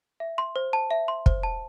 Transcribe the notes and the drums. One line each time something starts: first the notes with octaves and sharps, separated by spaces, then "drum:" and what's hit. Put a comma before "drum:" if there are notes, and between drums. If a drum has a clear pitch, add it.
E5
C6
C5
A5
E5
C6
C5, drum: kick
A5